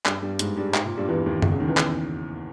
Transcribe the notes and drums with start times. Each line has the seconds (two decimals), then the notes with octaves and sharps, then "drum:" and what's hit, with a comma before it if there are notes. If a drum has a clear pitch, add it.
0.06 G2 G3, drum: clap
0.22 G2 G3
0.39 G#2 G#3, drum: hi-hat
0.56 G2 G3
0.74 G#2, drum: clap
0.85 A#2
0.97 G2 G3
1.08 E2 E3
1.26 D#2 D#3
1.42 B1 B2, drum: tom F#2
1.51 C#2 C#3
1.60 D#2 D#3
1.68 E2 E3
1.77 drum: clap